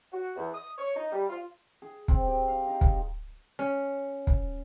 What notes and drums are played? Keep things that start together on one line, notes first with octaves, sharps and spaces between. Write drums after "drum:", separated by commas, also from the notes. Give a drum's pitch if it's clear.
F#4
E2
D#6
C#5
D#4
G3
F4
G#4
C4, drum: kick
G4
F5
D#4
drum: kick
C#4
drum: kick